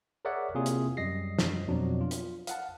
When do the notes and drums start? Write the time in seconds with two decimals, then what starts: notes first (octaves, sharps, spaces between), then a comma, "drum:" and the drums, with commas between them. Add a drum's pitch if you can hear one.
0.25 G#4 A#4 C#5 D5 E5 F#5
0.55 C3 A#3 E4 F4 G#4
0.66 drum: hi-hat
0.97 F#2 G3 D#5 A#6 C7
1.39 drum: snare
1.67 F2 B2 F3 F#3 D4
2.01 F4
2.11 drum: hi-hat
2.47 F5 F#5 A5, drum: hi-hat